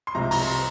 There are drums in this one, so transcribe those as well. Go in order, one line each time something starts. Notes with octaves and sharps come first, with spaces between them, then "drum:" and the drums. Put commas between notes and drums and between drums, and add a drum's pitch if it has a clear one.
C6
C2 C3 F3 G#3 C4 A#5
A#5, drum: open hi-hat
C6